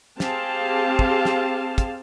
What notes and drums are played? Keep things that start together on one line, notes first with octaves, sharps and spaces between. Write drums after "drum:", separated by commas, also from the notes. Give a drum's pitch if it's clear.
C4 G4 G#4 F5 A5, drum: snare
drum: kick
drum: snare
drum: kick, hi-hat